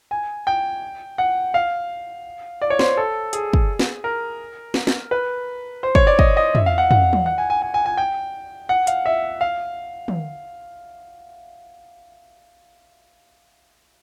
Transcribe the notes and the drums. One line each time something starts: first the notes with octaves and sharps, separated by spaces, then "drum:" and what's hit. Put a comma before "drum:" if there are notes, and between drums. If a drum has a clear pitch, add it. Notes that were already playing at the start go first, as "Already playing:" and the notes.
G#5
G5
F#5
F5
D5
C#5
C5, drum: snare
A4
G#4, drum: hi-hat
drum: kick
drum: snare
A#4
drum: snare
drum: snare
B4
C5
C#5, drum: kick
D5
D#5, drum: kick
D#5
E5, drum: tom
F5
F#5
F#5, drum: tom
drum: tom
F#5
G#5
G#5
G#5
G#5
G#5
G5
F#5
F5, drum: hi-hat
E5
F5
drum: tom